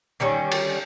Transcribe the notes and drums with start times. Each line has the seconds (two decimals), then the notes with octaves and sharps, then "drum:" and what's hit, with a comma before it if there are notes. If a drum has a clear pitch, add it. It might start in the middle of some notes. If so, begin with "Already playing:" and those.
0.20 D3 D#3 G3 C#4
0.52 drum: cymbal